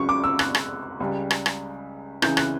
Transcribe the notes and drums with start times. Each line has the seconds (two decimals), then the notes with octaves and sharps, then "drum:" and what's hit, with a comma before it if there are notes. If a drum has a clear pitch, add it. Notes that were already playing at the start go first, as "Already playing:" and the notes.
Already playing: C#2 C#3 F#3 C#6
0.09 D6
0.24 E6
0.39 F#6, drum: rim click
0.55 drum: rim click
1.00 C#2 C#3 G3
1.30 drum: rim click
1.46 drum: rim click
2.22 C#2 C#3 E3 G6, drum: rim click
2.37 F#6, drum: rim click